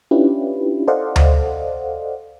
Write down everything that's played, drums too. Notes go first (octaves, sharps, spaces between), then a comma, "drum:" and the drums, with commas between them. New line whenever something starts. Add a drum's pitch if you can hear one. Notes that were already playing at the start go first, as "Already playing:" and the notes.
C#4 D4 E4 F4 G4 B4
A4 C5 D5 D#5 F5 F#5
drum: tom D2